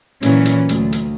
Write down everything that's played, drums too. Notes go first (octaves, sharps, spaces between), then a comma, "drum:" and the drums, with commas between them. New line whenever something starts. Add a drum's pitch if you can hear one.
A#2 E3 F#3 C#4, drum: hi-hat
drum: hi-hat
D2, drum: hi-hat
drum: hi-hat